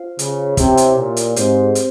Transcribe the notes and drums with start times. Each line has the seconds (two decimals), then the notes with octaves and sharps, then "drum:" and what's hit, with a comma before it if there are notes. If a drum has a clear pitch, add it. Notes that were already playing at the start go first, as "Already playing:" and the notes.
Already playing: F4 C5 F5
0.19 C#3, drum: hi-hat
0.57 C3 E4 G4 C#5 E5, drum: kick, hi-hat
0.77 drum: hi-hat
0.97 A#2
1.17 drum: hi-hat
1.36 G#2 C4 G4 C5, drum: hi-hat
1.75 drum: hi-hat